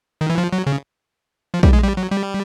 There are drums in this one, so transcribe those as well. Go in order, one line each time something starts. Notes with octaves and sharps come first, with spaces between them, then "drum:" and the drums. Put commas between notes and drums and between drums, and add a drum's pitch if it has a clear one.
D#3
E3
F3
F#3
C#3
F3
G3, drum: kick
G#3
G3
F#3
G3